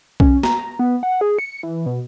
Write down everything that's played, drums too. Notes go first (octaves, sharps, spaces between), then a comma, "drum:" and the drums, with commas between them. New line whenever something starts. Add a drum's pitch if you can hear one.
C#4, drum: kick B1
A#5, drum: snare
B3
F#5
G#4
C#7
E3
B2